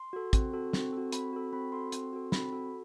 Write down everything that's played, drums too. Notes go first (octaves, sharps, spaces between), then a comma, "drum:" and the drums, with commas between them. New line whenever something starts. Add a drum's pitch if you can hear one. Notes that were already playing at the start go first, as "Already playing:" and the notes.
Already playing: C6
F#4 A4
C4, drum: kick, hi-hat
F#4 A4
C4, drum: snare
F#4 A4
C4 B5, drum: hi-hat
F#4 A4
C4 B5
F#4 A4 C6
C4, drum: hi-hat
F#4 A4
C4 B5, drum: snare
F#4 A4